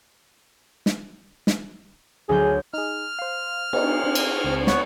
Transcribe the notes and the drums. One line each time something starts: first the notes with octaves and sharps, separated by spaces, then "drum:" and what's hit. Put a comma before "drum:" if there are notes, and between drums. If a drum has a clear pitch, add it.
drum: snare
drum: snare
D2 F#3 G#4 G6
D#4 G#4 F6
C5 F5
B3 D#4, drum: cymbal
C4 D4
drum: cymbal
C#2 C4
B3 C#5, drum: snare